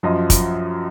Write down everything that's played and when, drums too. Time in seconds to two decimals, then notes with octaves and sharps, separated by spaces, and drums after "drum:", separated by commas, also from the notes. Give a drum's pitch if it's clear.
0.03 F#2 F3 D#5
0.30 drum: kick, hi-hat